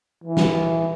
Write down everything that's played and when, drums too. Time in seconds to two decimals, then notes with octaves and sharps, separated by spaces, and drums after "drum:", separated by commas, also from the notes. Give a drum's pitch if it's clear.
0.24 E3
0.37 drum: snare